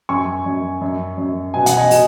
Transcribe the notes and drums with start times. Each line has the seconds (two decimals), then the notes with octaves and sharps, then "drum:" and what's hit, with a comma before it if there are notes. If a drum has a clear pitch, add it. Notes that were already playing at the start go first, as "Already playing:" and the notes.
0.09 F#2 G#5 C#6
0.46 F#2
0.81 F#2
1.18 F#2
1.54 B2 G#5
1.66 F#5, drum: hi-hat
1.77 D#5 G#5
1.91 B2, drum: open hi-hat